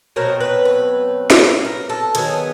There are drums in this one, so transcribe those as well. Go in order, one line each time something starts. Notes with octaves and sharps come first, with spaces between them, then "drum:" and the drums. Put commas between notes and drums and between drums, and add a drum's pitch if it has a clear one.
B2 F#3 A3 C4 A#4
B4
B4
drum: snare
A#4
A4
D#3 F#3 B3 G#4, drum: hi-hat